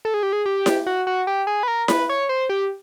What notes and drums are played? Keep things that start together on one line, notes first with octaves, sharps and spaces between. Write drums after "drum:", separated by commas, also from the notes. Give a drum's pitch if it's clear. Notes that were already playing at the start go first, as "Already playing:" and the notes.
A4
G#4
G4
G#4
G4
drum: snare E4
F#4
F#4
G4
G#4
B4
A#4
B4, drum: snare E4
C#5
C5
G4